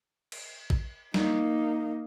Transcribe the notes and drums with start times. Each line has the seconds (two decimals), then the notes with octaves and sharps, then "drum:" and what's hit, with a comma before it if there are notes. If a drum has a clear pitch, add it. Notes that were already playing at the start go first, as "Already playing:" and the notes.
0.32 drum: cymbal
0.70 drum: kick A1
1.14 A#3 D#4, drum: snare G3